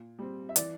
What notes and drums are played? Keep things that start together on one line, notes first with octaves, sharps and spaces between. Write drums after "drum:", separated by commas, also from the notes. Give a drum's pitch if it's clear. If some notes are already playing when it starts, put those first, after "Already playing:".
Already playing: A#2
G3 C4
E5
E3 D5, drum: hi-hat